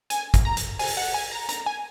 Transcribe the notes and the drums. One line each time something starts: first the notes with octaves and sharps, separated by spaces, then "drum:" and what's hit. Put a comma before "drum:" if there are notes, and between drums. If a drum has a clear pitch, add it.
G#5, drum: hi-hat
drum: kick, hi-hat
A#5
drum: hi-hat
G#5, drum: open hi-hat
F#5
G#5
A#5
A#5, drum: hi-hat
G#5